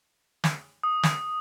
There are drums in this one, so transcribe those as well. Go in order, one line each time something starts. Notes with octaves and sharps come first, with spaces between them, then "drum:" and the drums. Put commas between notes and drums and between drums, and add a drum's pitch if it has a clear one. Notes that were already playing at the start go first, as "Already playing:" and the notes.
drum: snare
D#6
drum: snare